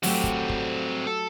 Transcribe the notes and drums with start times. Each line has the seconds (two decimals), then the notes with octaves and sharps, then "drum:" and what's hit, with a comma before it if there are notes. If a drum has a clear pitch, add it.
0.03 F#3 A3 C4 F#4 G4, drum: open hi-hat
0.24 drum: kick
0.49 drum: kick
1.07 A4